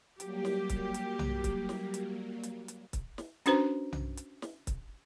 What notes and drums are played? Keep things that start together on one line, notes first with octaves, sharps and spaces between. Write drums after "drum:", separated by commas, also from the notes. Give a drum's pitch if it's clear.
F#3 G3 A#3 G4, drum: hi-hat
drum: snare
drum: kick C#1, hi-hat
drum: hi-hat
drum: tom B1
drum: kick C#1, hi-hat
drum: snare
drum: hi-hat
drum: hi-hat
drum: hi-hat
drum: kick C#1, hi-hat
drum: snare
C#4 D4 F#4 B4 C5 A#5, drum: hi-hat
drum: tom B1
drum: hi-hat
drum: snare
drum: kick C#1, hi-hat